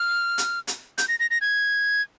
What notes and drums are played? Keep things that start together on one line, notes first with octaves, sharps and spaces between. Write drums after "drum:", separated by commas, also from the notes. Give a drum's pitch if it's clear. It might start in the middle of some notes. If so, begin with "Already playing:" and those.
Already playing: F6
drum: hi-hat
drum: hi-hat
G6, drum: hi-hat
A#6
A#6
A#6
G#6